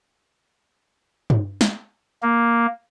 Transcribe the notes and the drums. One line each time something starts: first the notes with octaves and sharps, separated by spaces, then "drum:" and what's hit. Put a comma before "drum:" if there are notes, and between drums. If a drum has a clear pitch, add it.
drum: tom G2
drum: snare
A#3